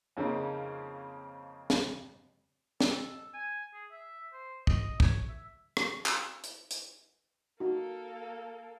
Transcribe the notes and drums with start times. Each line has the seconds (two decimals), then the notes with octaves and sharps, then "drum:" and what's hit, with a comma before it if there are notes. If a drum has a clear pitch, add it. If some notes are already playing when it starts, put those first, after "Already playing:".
0.17 F2 C#3 A#3 C4 C#4 D#4
1.70 drum: snare
2.80 A4, drum: snare
3.34 G#5
3.74 G#4
3.91 E5
4.33 C5
4.67 D#5, drum: kick
5.00 C#5, drum: kick
5.28 E5
5.77 drum: rim click
6.06 drum: clap
6.44 drum: hi-hat
6.71 drum: hi-hat
7.60 A#3 D#4 F#4 A4